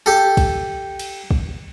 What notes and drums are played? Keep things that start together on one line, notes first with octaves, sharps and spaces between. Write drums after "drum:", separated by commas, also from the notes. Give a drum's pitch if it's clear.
G4 A4
drum: kick, cymbal
drum: cymbal
drum: kick